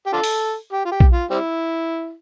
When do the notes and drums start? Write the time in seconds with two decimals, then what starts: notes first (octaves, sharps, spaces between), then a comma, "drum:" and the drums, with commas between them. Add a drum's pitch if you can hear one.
0.06 G4
0.13 D4 F4 A4
0.24 drum: open hi-hat
0.72 G4
0.85 F4
0.91 G4
1.00 drum: kick A#1
1.11 F4
1.30 G3 C4 E4